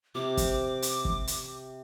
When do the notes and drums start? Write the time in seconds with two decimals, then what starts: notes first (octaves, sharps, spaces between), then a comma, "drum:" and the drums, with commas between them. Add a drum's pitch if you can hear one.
0.15 C3 D6
0.37 drum: kick, hi-hat
0.82 drum: hi-hat
1.05 drum: kick
1.27 drum: hi-hat